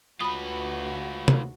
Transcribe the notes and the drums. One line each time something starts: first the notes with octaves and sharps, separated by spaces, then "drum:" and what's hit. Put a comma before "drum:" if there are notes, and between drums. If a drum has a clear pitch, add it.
D2 F4 F#4 B4 B5 D#6
drum: tom C3